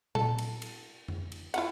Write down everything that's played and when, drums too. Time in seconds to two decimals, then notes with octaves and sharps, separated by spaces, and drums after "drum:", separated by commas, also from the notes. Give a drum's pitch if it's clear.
0.15 A4, drum: tom A#2
0.38 drum: cymbal
0.62 drum: cymbal
1.08 drum: tom F2
1.32 drum: cymbal
1.54 E4 F4 F#5, drum: cymbal